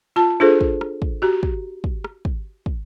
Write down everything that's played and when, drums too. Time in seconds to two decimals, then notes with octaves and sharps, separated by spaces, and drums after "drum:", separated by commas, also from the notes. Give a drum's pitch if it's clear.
0.16 F4 A5
0.40 D4 F4 G#4 A4 C5
0.61 drum: kick
0.81 drum: rim click
1.02 drum: kick
1.22 F#4 G4 A#5
1.43 drum: kick
1.84 drum: kick
2.04 drum: rim click
2.25 drum: kick
2.66 drum: kick